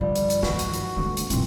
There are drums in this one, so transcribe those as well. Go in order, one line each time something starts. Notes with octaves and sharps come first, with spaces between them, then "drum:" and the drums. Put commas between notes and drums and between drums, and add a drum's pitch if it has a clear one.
G2 D3 F3 G3
drum: hi-hat
drum: hi-hat
D#3 F#4, drum: snare
drum: hi-hat
drum: hi-hat
G2 D3 A3 C4
drum: hi-hat
D#2 A#2 E3 F#3 C4, drum: hi-hat